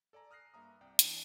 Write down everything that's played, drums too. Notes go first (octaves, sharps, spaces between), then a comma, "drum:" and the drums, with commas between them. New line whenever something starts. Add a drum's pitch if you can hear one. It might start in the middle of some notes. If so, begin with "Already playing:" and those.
A4 D5 G#5 A#5
D#6 F6 F#6 A#6 C7
G2 A#3 E5 A#5 D#6
C2 D5 G5
E2 D4, drum: hi-hat